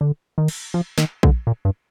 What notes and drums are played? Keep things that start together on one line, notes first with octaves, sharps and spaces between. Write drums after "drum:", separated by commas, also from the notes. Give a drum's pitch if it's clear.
D3
D#3
drum: cymbal
F3
D#3, drum: snare
D3, drum: kick A#1
A#2
G2